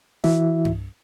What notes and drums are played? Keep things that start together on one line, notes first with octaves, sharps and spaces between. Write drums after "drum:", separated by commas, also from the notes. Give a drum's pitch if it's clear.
E3 E4 F#4 E5, drum: snare
drum: tom G2